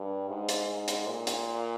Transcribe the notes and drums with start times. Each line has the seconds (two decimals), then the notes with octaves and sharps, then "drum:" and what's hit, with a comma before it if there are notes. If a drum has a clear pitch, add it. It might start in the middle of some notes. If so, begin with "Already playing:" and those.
Already playing: G2
0.29 G#2
0.49 drum: hi-hat
0.68 G#2
0.88 drum: hi-hat
1.07 A#2
1.27 drum: hi-hat